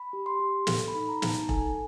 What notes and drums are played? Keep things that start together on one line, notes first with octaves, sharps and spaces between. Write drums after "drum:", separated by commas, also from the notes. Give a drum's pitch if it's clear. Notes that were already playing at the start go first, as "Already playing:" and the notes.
Already playing: B5
G4
C6
G4
A4, drum: snare
B5
D#4
A#5
D#4, drum: snare
A5
A4 G#5, drum: kick E1